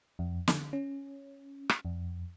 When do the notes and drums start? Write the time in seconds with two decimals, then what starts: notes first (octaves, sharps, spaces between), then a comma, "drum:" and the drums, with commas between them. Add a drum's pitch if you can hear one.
0.19 F2
0.48 D3, drum: snare
0.73 C#4
1.69 drum: rim click
1.85 F2